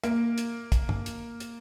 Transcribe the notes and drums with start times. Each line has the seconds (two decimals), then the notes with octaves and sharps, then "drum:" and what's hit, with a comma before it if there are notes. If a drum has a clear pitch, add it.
0.04 A#3, drum: hi-hat
0.38 drum: hi-hat
0.72 drum: kick, hi-hat
0.89 drum: tom G2
1.06 drum: hi-hat
1.40 drum: hi-hat